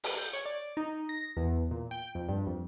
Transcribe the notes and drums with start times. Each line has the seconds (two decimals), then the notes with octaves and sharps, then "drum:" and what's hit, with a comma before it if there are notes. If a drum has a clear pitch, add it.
0.04 drum: open hi-hat
0.18 G6
0.33 C#5
0.46 D5
0.77 D#4
1.09 A#6
1.37 E2
1.71 A#2
1.91 G5
2.15 F2
2.29 G2
2.47 F2